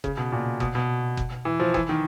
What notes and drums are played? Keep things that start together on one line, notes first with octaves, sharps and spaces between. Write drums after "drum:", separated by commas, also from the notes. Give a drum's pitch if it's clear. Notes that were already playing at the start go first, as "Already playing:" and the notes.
C#3, drum: kick F#1
B2
A#2
B2, drum: kick F#1
B2
drum: kick F#1
E3
F3
E3, drum: kick F#1
D#3